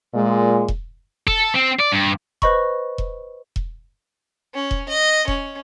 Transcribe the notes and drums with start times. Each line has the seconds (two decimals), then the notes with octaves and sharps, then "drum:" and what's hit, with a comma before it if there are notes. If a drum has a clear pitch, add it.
0.14 A#2 G#3
0.68 drum: kick E1
1.27 A4, drum: kick E1
1.55 C4
1.80 D5
1.93 G2
2.42 B4 C5 D#5 B5 C#6, drum: kick E1
2.98 drum: kick E1
3.56 drum: kick E1
4.54 C#4
4.71 drum: kick E1
4.89 D#5
5.28 C#4, drum: kick E1